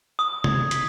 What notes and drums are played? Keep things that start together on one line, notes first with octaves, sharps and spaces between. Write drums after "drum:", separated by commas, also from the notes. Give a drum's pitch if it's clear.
D#6
G#6, drum: tom C3
B6, drum: hi-hat